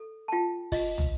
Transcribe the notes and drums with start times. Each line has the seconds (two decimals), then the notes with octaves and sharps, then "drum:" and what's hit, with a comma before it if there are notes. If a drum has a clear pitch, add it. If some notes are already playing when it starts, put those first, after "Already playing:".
Already playing: A4
0.28 A5
0.32 F4 G5
0.72 F4 D#5, drum: kick, open hi-hat
0.98 drum: tom